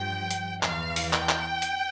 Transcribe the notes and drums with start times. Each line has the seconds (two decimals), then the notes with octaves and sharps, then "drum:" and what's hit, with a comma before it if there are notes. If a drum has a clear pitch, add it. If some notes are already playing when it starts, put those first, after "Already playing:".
Already playing: G2 F3 G5
0.31 drum: hi-hat
0.63 E2 E3 F5, drum: clap
0.96 drum: open hi-hat
1.13 G5, drum: clap
1.29 drum: clap
1.62 drum: hi-hat